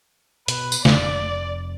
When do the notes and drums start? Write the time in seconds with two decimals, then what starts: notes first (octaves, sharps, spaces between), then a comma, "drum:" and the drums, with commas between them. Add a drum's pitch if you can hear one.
0.48 B2 B4, drum: hi-hat
0.72 drum: tambourine
0.85 F1 D5, drum: snare